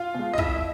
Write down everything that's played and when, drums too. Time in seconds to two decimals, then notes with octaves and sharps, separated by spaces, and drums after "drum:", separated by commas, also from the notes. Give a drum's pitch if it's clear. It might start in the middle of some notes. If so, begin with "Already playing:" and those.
Already playing: F4 F5
0.14 B2 G#3
0.33 D#5
0.38 C2 E4 E5, drum: kick